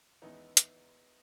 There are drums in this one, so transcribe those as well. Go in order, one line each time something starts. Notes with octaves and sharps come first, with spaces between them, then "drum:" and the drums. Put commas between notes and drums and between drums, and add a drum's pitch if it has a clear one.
E2 D#3 G#3 B3 C#4 D#4 E4
drum: hi-hat